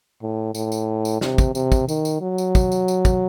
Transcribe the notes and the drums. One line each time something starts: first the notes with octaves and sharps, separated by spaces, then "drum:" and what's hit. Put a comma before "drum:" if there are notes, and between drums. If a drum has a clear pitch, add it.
A2
A2, drum: tambourine
drum: tambourine
drum: tambourine
C3, drum: snare
drum: kick, tambourine
C3, drum: tambourine
drum: kick, tambourine
D#3, drum: tambourine
drum: tambourine
F#3
drum: tambourine
drum: kick, tambourine
drum: tambourine
drum: tambourine
drum: kick, tambourine